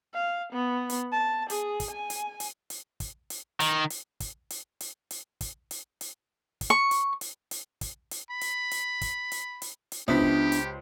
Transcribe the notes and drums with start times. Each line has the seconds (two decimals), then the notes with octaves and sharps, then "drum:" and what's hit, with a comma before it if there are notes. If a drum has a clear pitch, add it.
0.14 F5
0.53 B3
0.90 drum: hi-hat
1.12 A5
1.50 G#4, drum: hi-hat
1.80 drum: kick, hi-hat
1.91 G#5
2.10 drum: hi-hat
2.40 drum: hi-hat
2.70 drum: hi-hat
3.00 drum: kick, hi-hat
3.30 drum: hi-hat
3.60 D#3, drum: hi-hat
3.90 drum: hi-hat
4.20 drum: kick, hi-hat
4.50 drum: hi-hat
4.80 drum: hi-hat
5.11 drum: hi-hat
5.41 drum: kick, hi-hat
5.71 drum: hi-hat
6.01 drum: hi-hat
6.61 drum: kick, hi-hat
6.70 C#6
6.91 drum: hi-hat
7.21 drum: hi-hat
7.51 drum: hi-hat
7.81 drum: kick, hi-hat
8.11 drum: hi-hat
8.31 B5
8.41 drum: hi-hat
8.71 drum: hi-hat
9.01 drum: kick, hi-hat
9.32 drum: hi-hat
9.62 drum: hi-hat
9.92 drum: hi-hat
10.08 C#2 B3 D4 E4 G4 C5 D#5 B6
10.22 drum: kick
10.52 drum: hi-hat